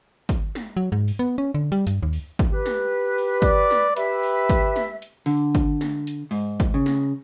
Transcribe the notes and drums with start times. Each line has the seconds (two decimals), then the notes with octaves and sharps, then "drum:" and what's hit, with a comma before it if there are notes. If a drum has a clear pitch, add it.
0.29 drum: kick, hi-hat
0.55 drum: snare
0.77 F#3
0.92 G#2
1.08 drum: open hi-hat
1.19 B3
1.38 C#4
1.54 D3
1.72 G3
1.87 G2, drum: hi-hat
2.03 D#2
2.13 drum: open hi-hat
2.39 drum: kick, hi-hat
2.51 G4 B4
2.66 drum: snare
3.18 drum: open hi-hat
3.42 D5, drum: kick, hi-hat
3.71 drum: snare
3.97 G4 B4 E5, drum: hi-hat
4.23 drum: open hi-hat
4.50 drum: kick, hi-hat
4.76 drum: snare
5.02 drum: hi-hat
5.26 D3, drum: open hi-hat
5.55 drum: kick, hi-hat
5.81 drum: snare
6.07 drum: hi-hat
6.31 G#2, drum: open hi-hat
6.60 drum: kick, hi-hat
6.74 C#3
6.86 drum: snare